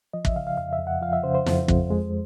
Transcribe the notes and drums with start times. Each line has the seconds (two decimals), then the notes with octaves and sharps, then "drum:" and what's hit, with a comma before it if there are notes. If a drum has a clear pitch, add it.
0.13 F3 D#5
0.25 E5, drum: kick
0.36 C#3 F5
0.47 F5
0.58 F2 F5
0.73 E5
0.79 F2
0.87 F#5
1.02 F3 F5
1.13 E5
1.23 C#3 C5
1.35 C5
1.46 F2, drum: snare
1.68 F2, drum: kick
1.90 G#3